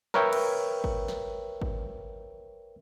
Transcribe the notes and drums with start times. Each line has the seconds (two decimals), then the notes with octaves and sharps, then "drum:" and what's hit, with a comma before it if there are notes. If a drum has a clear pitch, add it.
0.14 A#4 B4 C#5 E5 G5, drum: snare
0.33 drum: cymbal
0.84 drum: kick G#1
1.08 drum: snare
1.62 drum: kick G#1